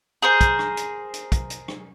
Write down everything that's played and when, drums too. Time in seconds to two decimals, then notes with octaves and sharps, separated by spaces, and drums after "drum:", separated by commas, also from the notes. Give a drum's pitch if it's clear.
0.22 G#4 A#4 C5
0.41 drum: kick, hi-hat
0.59 drum: rim click
0.77 drum: hi-hat
1.14 drum: hi-hat
1.32 drum: kick, hi-hat
1.50 drum: hi-hat
1.68 drum: rim click